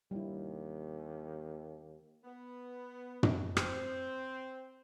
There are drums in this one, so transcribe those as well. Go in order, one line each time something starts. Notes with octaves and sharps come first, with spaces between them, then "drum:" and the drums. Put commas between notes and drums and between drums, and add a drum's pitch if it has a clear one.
D#2 G3 E4
B3
drum: tom
C4, drum: rim click